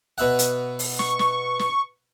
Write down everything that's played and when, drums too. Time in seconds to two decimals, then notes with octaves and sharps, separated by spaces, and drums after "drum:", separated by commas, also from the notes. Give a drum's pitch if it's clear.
0.18 B2 E5 F#5
0.39 drum: hi-hat
0.79 drum: open hi-hat
0.99 C#6, drum: snare
1.19 drum: snare
1.59 drum: snare